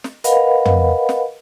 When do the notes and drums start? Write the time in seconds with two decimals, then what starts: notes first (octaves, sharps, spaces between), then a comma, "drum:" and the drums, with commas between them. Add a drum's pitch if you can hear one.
0.04 drum: snare
0.24 A#4 B4 D#5 F5 F#5 B5, drum: hi-hat
0.65 drum: tom
1.09 drum: snare